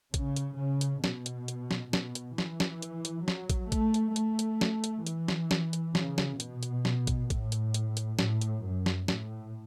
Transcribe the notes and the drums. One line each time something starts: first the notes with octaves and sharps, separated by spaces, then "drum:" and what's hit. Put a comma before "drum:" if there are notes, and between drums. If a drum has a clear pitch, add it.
C#3, drum: kick, hi-hat
drum: hi-hat
C#3
drum: hi-hat
B2, drum: snare
drum: hi-hat
drum: hi-hat
drum: snare
B2, drum: snare
drum: hi-hat
E3, drum: snare
drum: snare
drum: hi-hat
drum: hi-hat
F#3, drum: snare
drum: kick, hi-hat
A3, drum: kick, hi-hat
drum: hi-hat
A3, drum: hi-hat
drum: hi-hat
drum: snare
drum: hi-hat
E3, drum: hi-hat
drum: snare
drum: snare
drum: hi-hat
C#3, drum: snare
drum: snare
B2, drum: hi-hat
drum: hi-hat
drum: snare
drum: kick, hi-hat
A2, drum: kick, hi-hat
drum: hi-hat
drum: hi-hat
drum: hi-hat
A2, drum: snare
drum: hi-hat
F#2
drum: snare
A2, drum: snare